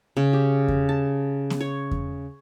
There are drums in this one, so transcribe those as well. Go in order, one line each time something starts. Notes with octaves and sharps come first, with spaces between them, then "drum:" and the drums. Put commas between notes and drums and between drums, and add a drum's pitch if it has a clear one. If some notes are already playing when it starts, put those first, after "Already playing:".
C#3
G4
drum: kick E2
A5
drum: snare B3
C#5
drum: kick E2